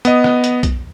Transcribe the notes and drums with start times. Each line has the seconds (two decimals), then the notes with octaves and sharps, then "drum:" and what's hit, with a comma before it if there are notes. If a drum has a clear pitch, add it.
0.05 B3 D#5, drum: hi-hat
0.24 drum: rim click
0.44 drum: hi-hat
0.63 drum: kick B1, hi-hat